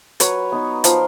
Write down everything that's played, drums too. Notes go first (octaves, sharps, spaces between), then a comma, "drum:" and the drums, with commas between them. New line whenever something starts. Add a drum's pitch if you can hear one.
F#3 B4 C#5, drum: hi-hat
B3 D#4
F3 A#4 C5, drum: hi-hat